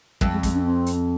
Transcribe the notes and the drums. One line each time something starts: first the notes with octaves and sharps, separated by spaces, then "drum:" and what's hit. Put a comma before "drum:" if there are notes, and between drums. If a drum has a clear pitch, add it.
F2 G3, drum: kick
G#3
G#3, drum: kick, hi-hat
C#4
C4
drum: hi-hat